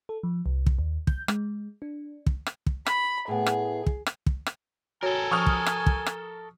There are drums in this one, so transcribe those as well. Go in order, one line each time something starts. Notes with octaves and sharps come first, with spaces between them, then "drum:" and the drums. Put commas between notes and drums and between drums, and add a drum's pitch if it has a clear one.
A4
F3
C2
drum: kick
D#2
G6, drum: kick
G#3, drum: rim click
D4
drum: kick
drum: rim click
drum: kick
B5, drum: rim click
A2 B3 G#4
drum: rim click
drum: kick
drum: rim click
drum: kick
drum: rim click
F#4 A4 A#4 C#5 G#5
F3 C#6 D#6 F6
drum: kick
drum: rim click
drum: kick
drum: rim click